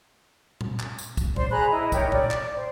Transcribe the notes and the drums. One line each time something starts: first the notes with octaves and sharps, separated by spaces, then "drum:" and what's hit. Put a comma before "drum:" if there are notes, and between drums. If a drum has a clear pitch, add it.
drum: tom A#2
drum: clap
drum: tambourine
drum: kick, tambourine
C5 D5 C6, drum: tom A#2
G#4 A#5 B5 F#6
E4 D#5
D#4 G4 A#4 C#5, drum: kick, tambourine
D5, drum: tom A#2
drum: clap
C5